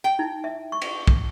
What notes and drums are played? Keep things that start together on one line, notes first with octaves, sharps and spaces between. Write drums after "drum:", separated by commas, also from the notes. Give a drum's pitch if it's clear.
G5
D#4 E4
E5
C#6
drum: cymbal
drum: kick